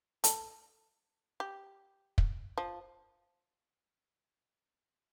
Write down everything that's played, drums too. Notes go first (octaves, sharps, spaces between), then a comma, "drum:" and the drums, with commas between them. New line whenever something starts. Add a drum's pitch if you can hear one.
A4, drum: hi-hat
G4
drum: kick
F3